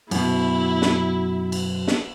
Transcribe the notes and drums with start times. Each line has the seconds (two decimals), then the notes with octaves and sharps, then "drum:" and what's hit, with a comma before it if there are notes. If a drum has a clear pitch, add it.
0.11 F#2 B2 E4, drum: cymbal
0.82 drum: snare
1.52 drum: cymbal
1.88 drum: snare